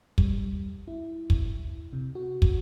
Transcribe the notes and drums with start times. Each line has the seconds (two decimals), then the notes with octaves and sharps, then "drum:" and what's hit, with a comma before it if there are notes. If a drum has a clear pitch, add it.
0.18 G3, drum: kick
0.88 E4
1.30 drum: kick
1.93 C3
2.15 F#4
2.42 drum: kick